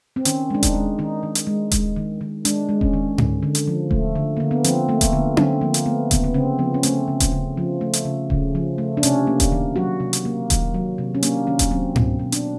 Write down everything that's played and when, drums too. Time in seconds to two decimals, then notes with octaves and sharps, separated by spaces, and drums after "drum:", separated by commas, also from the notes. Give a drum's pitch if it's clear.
0.16 C4
0.25 D#3 C#4, drum: hi-hat
0.50 G#3 D4
0.63 D#4, drum: kick D#1, hi-hat
0.75 G#3
0.99 D#3 D#4
1.23 D#3
1.35 drum: hi-hat
1.47 G#3
1.71 G#3, drum: kick D#1, hi-hat
1.96 D#3
2.21 D#3
2.45 G#3 D4, drum: hi-hat
2.69 G#3
2.81 C#4, drum: kick D#1
2.93 D#3
3.18 D3, drum: tom G#2
3.43 D3
3.55 drum: hi-hat
3.67 F3
3.91 A3, drum: kick D#1
4.15 D3
4.37 D3 A#3
4.51 B3
4.64 F3 C4, drum: hi-hat
4.89 A3 A#3
5.01 drum: kick D#1, hi-hat
5.13 D3 B3
5.37 D3 C4, drum: tom C#4
5.61 F3 A#3
5.74 drum: hi-hat
5.86 A3 B3
6.11 C#3 B3, drum: kick D#1, hi-hat
6.24 B3
6.34 C#3 C4
6.59 F3 B3
6.74 C#4
6.83 A3 C4, drum: hi-hat
7.08 C#3
7.20 drum: kick D#1, hi-hat
7.32 C#3
7.57 F3
7.81 A3
7.93 drum: hi-hat
8.05 C#3
8.30 C#3, drum: kick D#1
8.55 F3
8.78 A3
8.97 D4
9.03 C3 C#4, drum: hi-hat
9.27 A#3
9.40 drum: kick D#1, hi-hat
9.52 D#3
9.76 F#3 F#4
10.00 C3
10.13 drum: hi-hat
10.25 A#3
10.50 D#3, drum: kick D#1, hi-hat
10.74 F#3
10.98 C3
11.15 C#4
11.23 A#3 D4, drum: hi-hat
11.47 D#3 C#4
11.59 drum: kick D#1, hi-hat
11.71 F#3 C4
11.96 B2 C4, drum: tom G#2
12.19 B2
12.32 D4, drum: hi-hat